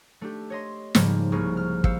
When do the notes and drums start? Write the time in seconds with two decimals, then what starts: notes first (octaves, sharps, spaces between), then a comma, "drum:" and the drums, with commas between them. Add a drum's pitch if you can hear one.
0.21 A3 D4 G4
0.50 C#5 D#5 C6
0.95 G#2 C#3 F3 G3 G#3 A#3, drum: snare
1.32 C2 A#3 G#4 C#6 F6
1.57 F6
1.84 C5 F5 E6 C#7, drum: kick